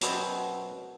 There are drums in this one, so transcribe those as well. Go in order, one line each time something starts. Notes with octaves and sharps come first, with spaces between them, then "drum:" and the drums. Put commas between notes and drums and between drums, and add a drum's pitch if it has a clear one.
F#2 B2 F#3 B3 C4, drum: hi-hat